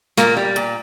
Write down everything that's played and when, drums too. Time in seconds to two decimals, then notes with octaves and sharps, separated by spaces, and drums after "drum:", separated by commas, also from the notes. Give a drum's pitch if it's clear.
0.18 A#2 A#3, drum: snare
0.37 G3
0.56 A#2, drum: hi-hat